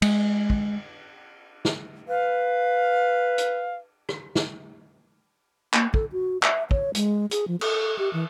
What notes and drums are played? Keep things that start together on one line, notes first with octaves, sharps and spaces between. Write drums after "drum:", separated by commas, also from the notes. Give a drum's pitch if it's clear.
G#3, drum: cymbal
drum: kick
drum: snare
B4 F5
drum: hi-hat
drum: rim click
drum: snare
A#3, drum: clap
A4, drum: kick
F#4
E5, drum: clap
C#5, drum: kick
G#3, drum: hi-hat
G#4, drum: hi-hat
F3
A4, drum: cymbal
G4
E3